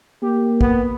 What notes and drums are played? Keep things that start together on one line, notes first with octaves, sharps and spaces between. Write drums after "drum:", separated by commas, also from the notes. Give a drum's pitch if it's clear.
A#3 G4
B3, drum: kick